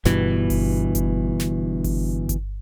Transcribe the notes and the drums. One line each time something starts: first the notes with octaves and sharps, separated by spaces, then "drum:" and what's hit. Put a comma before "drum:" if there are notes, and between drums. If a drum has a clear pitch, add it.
G1 G2 B2 E3, drum: snare
drum: kick G1, open hi-hat
drum: kick G1, hi-hat
drum: snare
drum: kick G1, open hi-hat
drum: kick G1, hi-hat